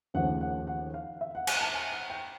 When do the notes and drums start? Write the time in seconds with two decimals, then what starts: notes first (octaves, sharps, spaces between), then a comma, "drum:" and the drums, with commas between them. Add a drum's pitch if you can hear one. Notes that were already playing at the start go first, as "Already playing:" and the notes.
0.14 D#2 C#3 F3 A3 F#5
0.41 F#5
0.67 F#5
0.94 F5
1.21 E5
1.35 F#5
1.47 G#5, drum: cymbal
1.61 A5
1.74 G#5
1.92 F#5
2.10 G5